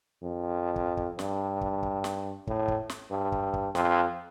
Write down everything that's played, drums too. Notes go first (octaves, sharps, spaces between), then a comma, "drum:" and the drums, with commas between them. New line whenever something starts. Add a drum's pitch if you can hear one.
F2
drum: kick
drum: kick
G2, drum: snare
drum: kick
drum: kick
drum: snare
A2, drum: kick
drum: kick
drum: snare
G2
drum: kick
drum: kick
F2, drum: snare